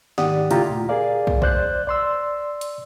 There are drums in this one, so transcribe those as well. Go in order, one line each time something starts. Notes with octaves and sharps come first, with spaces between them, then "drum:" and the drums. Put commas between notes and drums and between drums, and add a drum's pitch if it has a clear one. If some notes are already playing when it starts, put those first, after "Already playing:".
G#2 D#3 G4 D5 F#5 D#6, drum: snare
C#3 A3 E4 F4 G4 A#5, drum: hi-hat
D#2 A#2
G#4 A#4 D5 F5
drum: kick
C5 D5 F#6 G6, drum: kick
D5 C6 E6
drum: hi-hat